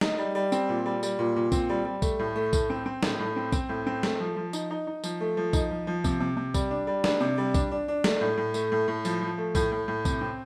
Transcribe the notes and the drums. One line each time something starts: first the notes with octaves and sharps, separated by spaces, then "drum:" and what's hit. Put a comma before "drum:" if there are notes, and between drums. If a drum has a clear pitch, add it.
D#4, drum: snare
G3
G3
C4, drum: tambourine
A#2
G3
G3, drum: tambourine
A#2
A#2
C4, drum: kick B1, tambourine
G3
G3
A3, drum: kick B1, tambourine
A2
A3
A2, drum: kick B1, tambourine
C4
C4
A2, drum: snare
A2
C4
C4, drum: kick B1, tambourine
A2
C4
A3, drum: snare
F3
F3
D#4, drum: tambourine
D#4
D#4
F3, drum: tambourine
A3
F3
D#4, drum: kick B1, tambourine
F3
F3
C3, drum: kick B1, tambourine
C3
C3
G3, drum: kick B1, tambourine
D4
G3
D4, drum: snare
C3
G3
D4, drum: kick B1, tambourine
D4
D4
A3, drum: snare
A2
A2
A3, drum: tambourine
A2
A2
F3, drum: tambourine
F3
A3
A2, drum: kick B1, tambourine
A2
A2
C3, drum: kick B1, tambourine
C4